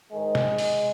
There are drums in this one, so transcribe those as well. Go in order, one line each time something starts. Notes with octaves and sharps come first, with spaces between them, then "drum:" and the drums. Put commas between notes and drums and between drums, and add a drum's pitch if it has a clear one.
G#2 D#3 G#3
drum: snare C3
drum: open hi-hat